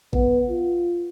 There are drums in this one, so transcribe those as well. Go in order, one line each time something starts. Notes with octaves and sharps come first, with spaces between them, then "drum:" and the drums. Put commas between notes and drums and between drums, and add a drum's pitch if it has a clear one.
B3, drum: kick A1
F4